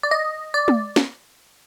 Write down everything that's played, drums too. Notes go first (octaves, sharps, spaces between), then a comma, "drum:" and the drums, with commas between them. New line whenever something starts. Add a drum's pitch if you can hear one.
D5
D#5
D5
drum: tom
drum: snare